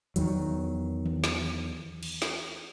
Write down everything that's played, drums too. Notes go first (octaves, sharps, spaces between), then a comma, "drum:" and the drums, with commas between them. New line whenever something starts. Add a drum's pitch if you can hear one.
E2 D#3 F#3, drum: hi-hat
drum: tom D#3
drum: snare
drum: cymbal
drum: snare